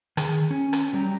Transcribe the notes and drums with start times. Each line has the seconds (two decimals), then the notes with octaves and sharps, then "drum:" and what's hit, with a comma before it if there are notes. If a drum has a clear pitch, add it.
0.17 D#3 G#4, drum: rim click
0.50 C#4
0.73 drum: rim click
0.93 F#3 G3 G4 A#5